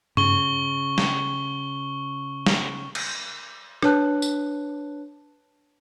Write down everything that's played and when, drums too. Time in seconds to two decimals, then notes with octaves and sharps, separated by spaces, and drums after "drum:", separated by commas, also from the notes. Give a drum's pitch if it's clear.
0.17 C#3 C#6 G7, drum: tom G2
0.98 drum: snare
2.46 drum: snare
2.95 drum: cymbal
3.82 D4 B4 C#5 A5 F#6, drum: rim click
4.22 drum: tambourine